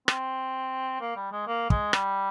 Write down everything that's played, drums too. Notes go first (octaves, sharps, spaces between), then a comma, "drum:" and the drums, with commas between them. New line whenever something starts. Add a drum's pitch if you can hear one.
C4, drum: rim click
A#3
G3
G#3
A#3
G#3, drum: kick
G3, drum: rim click